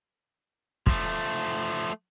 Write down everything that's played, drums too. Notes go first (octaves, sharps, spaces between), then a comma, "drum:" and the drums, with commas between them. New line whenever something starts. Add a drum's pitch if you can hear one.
F3 A3, drum: kick